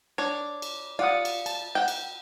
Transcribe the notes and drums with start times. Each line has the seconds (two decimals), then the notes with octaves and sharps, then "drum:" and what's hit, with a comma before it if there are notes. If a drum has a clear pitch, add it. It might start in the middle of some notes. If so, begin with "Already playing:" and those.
0.18 D4 C#5
0.62 drum: cymbal
0.99 F4 D5 F#5 D#6
1.25 drum: cymbal
1.46 A5, drum: cymbal
1.75 F#5 G5
1.88 drum: cymbal